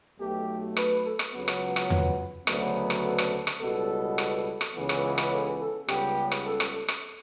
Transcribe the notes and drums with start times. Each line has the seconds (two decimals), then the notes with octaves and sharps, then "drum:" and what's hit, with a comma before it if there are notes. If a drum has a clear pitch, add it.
0.20 B1 B2 A3 G4
0.77 B4, drum: rim click
1.04 A4
1.19 drum: rim click
1.33 C#2 C#3 F#3 B3
1.48 drum: rim click
1.76 drum: rim click
1.90 drum: tom E2
2.47 D2 C#3 F#3 B3, drum: rim click
2.90 drum: rim click
3.04 A4
3.18 drum: rim click
3.47 drum: rim click
3.61 C#2 B2 G3 B3 A4
4.18 drum: rim click
4.61 drum: rim click
4.75 C#2 C#3 E3 B3
4.89 drum: rim click
5.18 drum: rim click
5.31 A4
5.60 A4
5.88 C#2 C#3 G3 B3 G4, drum: rim click
6.32 drum: rim click
6.45 A4
6.60 drum: rim click
6.74 A4
6.88 drum: rim click